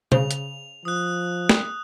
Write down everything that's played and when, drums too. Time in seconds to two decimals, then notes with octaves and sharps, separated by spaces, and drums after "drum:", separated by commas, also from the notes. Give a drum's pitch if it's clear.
0.12 C#3 C5 F7, drum: tom
0.31 drum: hi-hat
0.85 F3 D#6 F#6
1.49 drum: snare